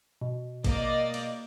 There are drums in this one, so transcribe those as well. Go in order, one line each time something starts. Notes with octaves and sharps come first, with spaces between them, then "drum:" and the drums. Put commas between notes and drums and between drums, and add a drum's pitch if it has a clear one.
B2
A#3 D5 D#5, drum: kick G#1, cymbal
drum: cymbal